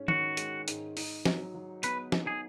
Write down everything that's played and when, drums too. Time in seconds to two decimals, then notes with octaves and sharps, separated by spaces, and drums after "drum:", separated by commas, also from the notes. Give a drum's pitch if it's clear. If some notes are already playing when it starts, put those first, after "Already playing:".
Already playing: G#2 G#3 C#4
0.08 D#3 F#4, drum: tom
0.37 G#3, drum: hi-hat
0.68 G#2, drum: hi-hat
0.97 D#4, drum: open hi-hat
1.25 F#3, drum: snare
1.54 F#3
1.83 B3 B4, drum: hi-hat
2.12 D#4, drum: snare
2.27 G#4